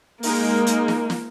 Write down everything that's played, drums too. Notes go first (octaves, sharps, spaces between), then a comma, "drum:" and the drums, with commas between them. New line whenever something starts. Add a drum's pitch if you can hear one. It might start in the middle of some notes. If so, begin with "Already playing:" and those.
G#3 A#3 D#4 A#4, drum: open hi-hat
drum: hi-hat
drum: snare
drum: snare